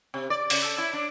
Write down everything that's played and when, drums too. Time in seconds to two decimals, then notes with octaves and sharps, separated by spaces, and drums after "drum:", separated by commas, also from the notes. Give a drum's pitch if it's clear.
0.14 C3
0.30 D5
0.50 C#3, drum: open hi-hat
0.64 A4
0.78 E4
0.93 D4